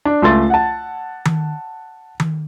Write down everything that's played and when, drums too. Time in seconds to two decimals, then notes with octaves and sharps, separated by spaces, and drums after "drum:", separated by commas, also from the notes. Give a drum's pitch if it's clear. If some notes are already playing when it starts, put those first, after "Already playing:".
0.05 D4
0.22 C#2 A3 C6 A6
0.50 F#5 A5
1.25 drum: tom D#3
2.20 drum: tom D#3